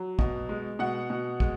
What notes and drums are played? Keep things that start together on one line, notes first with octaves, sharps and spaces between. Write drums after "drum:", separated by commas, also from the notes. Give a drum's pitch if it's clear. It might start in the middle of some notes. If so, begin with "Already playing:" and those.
Already playing: F#3
B2, drum: kick
G#3
B2 F#5
B2
G#3, drum: kick